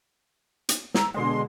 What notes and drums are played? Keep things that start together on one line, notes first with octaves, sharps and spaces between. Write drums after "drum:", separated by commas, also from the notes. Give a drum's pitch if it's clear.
drum: hi-hat
A#5 E6, drum: snare
B2 D3 G#3 C6